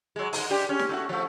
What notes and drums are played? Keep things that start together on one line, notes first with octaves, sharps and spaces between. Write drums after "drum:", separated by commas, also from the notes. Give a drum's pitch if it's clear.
F#3 G#3
G#2 G#3, drum: open hi-hat
G#3 D4 G4
C#4
drum: snare
A3 D#4 F#4
F3 A3